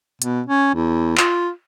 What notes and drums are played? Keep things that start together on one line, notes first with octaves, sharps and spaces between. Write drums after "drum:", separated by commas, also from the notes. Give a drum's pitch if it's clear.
B2, drum: hi-hat
C#4
E2
F4, drum: clap